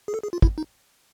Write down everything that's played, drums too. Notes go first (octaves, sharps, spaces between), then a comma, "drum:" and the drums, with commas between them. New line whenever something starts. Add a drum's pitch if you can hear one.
G#4
A4
G#4
F4
E4, drum: kick
D#4